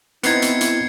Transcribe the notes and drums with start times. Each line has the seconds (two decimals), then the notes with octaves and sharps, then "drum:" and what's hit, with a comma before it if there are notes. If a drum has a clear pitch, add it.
0.23 B3 C4 D#4 E4 G#6 C7 C#7, drum: hi-hat
0.42 drum: hi-hat
0.61 drum: hi-hat